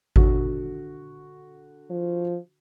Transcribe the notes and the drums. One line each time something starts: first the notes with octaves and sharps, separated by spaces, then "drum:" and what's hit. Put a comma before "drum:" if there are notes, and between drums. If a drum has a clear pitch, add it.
D3 F#4, drum: kick G#1
F3